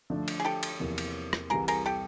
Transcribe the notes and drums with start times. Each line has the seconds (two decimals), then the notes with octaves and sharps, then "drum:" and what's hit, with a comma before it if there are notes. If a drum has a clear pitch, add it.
0.10 D3 F3 A3 D4
0.28 drum: cymbal
0.40 G#4
0.45 G4 A4
0.63 drum: cymbal
0.80 E2 C3 F3 A#3
0.98 drum: cymbal
1.33 drum: rim click
1.50 C2 C3 E3 G3 G#4 A#4
1.68 G#4 A#4, drum: cymbal
1.86 G4 A4